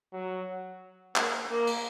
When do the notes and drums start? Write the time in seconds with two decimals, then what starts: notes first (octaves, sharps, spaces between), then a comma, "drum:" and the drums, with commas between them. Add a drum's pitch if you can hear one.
0.13 F#3
1.16 A#3, drum: clap
1.50 A#3
1.67 drum: cymbal